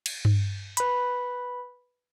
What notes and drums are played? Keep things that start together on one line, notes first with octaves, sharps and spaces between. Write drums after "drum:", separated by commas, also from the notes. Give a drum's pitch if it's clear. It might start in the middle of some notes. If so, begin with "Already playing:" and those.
drum: cymbal
drum: tom G2
B4 B5, drum: hi-hat